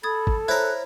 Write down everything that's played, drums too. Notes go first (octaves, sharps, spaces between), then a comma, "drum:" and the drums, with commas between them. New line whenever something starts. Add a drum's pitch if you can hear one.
A4 B5 D#6 G#6 A6
drum: kick G#1
E4 A#4 C5 C#5 F#6